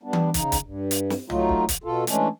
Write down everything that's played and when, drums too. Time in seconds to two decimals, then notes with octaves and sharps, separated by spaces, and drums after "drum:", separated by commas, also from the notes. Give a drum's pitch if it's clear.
0.03 G3 B3 D4
0.13 drum: tom E3
0.34 C#3 D#4, drum: kick, hi-hat
0.52 drum: kick, hi-hat
0.64 G2
0.91 drum: hi-hat
1.10 drum: snare
1.30 F#3 A3 D#4 F4, drum: tom
1.49 drum: kick
1.69 drum: kick, hi-hat
1.84 B2 F4 A4
2.07 E3 G#3 A3 C#4 D4, drum: hi-hat